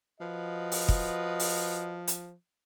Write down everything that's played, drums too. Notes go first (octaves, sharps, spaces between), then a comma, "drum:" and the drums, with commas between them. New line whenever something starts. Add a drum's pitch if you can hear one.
F3 F#4 B4 D#5
drum: open hi-hat
drum: kick
drum: open hi-hat
drum: hi-hat